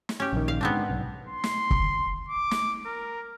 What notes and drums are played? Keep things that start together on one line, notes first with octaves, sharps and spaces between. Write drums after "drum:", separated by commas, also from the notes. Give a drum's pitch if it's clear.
drum: snare
C#4 G4
A#1 D#3
F5
G#2 B3 C4 D4
B1
C6
drum: snare
drum: kick
D6
drum: snare
A#4